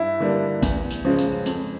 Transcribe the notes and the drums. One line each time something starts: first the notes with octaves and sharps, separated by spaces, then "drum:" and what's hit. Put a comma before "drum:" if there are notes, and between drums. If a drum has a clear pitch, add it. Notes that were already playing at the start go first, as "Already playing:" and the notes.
Already playing: G2 E4
D3 G3 A#3 D4
E2, drum: kick A#1, tambourine
drum: tambourine
C#3 F3 G#3 C#4
drum: tambourine
F2, drum: tambourine